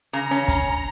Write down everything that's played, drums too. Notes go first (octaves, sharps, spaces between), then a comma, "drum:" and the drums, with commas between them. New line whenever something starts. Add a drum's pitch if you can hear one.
C#3 A#5
C#4
drum: kick, hi-hat